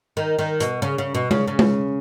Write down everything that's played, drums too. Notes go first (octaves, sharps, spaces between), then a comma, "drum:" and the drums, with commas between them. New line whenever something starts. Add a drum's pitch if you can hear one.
D#3
D#3
B2, drum: hi-hat
C#3
C#3
B2
C#3, drum: tom G#3
C#3
drum: tom G#3